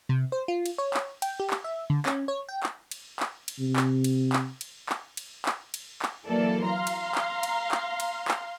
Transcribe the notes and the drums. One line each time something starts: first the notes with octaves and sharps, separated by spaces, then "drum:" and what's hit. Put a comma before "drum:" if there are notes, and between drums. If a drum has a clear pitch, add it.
C3
C5
F4
drum: cymbal
C#5
drum: clap
G5, drum: cymbal
G4
drum: clap
E5
D3
C#4, drum: clap
C#5
G5
drum: clap
drum: cymbal
drum: clap
drum: cymbal
C3
drum: clap
drum: cymbal
drum: clap
drum: cymbal
drum: clap
drum: cymbal
drum: clap
drum: cymbal
drum: clap
E3 F#3 A#3 A4 D5
F5 A#5 C6
drum: cymbal
drum: clap
drum: cymbal
drum: clap
drum: cymbal
drum: clap